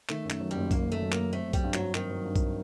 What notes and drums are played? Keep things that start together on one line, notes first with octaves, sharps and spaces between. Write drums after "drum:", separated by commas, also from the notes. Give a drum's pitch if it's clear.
D#3 A3, drum: clap
F#2
A3, drum: clap
F#3
G3
F#1
D#3 A#3, drum: kick B1, tambourine
F#2 A3
F#3
A#3, drum: clap
F#1
A3 C4
F#3
G3, drum: kick B1, tambourine
G2
F#3, drum: clap
G2
D#3 C4, drum: clap
F#3
G2
drum: kick B1, tambourine